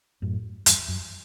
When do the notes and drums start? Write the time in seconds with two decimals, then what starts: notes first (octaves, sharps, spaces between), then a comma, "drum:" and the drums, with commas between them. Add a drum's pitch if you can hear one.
0.22 F#2 A2
0.66 E2 G2, drum: hi-hat
0.88 F#2